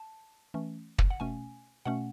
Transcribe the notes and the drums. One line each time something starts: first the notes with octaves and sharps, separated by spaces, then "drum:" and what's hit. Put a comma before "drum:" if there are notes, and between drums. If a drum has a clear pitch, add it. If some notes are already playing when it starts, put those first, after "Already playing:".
Already playing: A5
E3 A3 C#4
drum: kick
F#5
B2 A3 C#4 G#5
B2 A3 C#4 F#5